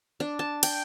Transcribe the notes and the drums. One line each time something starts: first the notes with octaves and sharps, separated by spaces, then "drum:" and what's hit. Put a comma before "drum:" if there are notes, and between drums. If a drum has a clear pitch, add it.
D4
A5
G5, drum: cymbal